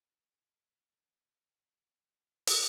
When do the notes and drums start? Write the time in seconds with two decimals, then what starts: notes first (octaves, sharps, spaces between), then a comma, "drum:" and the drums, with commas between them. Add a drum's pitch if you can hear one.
0.25 G#4 G5 G#6
1.46 F#5 G5 C#6
2.47 drum: open hi-hat